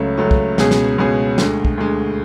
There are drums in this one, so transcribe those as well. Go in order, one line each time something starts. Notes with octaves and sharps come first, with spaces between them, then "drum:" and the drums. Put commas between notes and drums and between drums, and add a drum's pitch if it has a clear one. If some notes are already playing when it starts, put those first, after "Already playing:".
Already playing: C#2 C#3 F#3 A3 C#4
C#2 C#3 F#3 A3 C#4
drum: kick
C#2 B2 G#3 C#4 G#4, drum: snare
drum: snare
C#2 B2 G#3 C#4 G#4
D2 D3 G#3, drum: snare
drum: kick
D2 D3 G#3